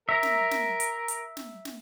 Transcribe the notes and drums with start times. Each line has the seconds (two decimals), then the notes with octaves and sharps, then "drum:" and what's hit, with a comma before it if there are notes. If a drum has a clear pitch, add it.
0.09 A#4 E5 A#5
0.23 drum: snare
0.51 drum: snare
0.80 drum: hi-hat
1.08 drum: hi-hat
1.37 drum: snare
1.65 drum: snare